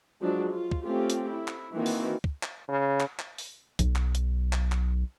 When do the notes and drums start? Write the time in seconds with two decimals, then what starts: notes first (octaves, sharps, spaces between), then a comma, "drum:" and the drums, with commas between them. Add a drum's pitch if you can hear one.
0.21 F3 F#3 G#3 D4
0.51 F4
0.71 drum: kick
0.84 A3 C4 C#4 F4 G4
1.10 drum: hi-hat
1.29 E4
1.48 drum: clap
1.75 D#3 E3 A#3 C4 F#4
1.86 drum: open hi-hat
2.24 drum: kick
2.43 drum: clap
2.68 C#3
3.00 drum: clap
3.19 drum: clap
3.38 drum: open hi-hat
3.79 B1, drum: kick, hi-hat
3.96 drum: clap
4.15 drum: hi-hat
4.53 drum: clap
4.72 drum: clap